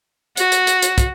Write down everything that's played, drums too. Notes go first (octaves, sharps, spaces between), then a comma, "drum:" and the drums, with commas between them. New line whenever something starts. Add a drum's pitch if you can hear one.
F#4, drum: hi-hat
drum: hi-hat
drum: hi-hat
drum: hi-hat
drum: kick, hi-hat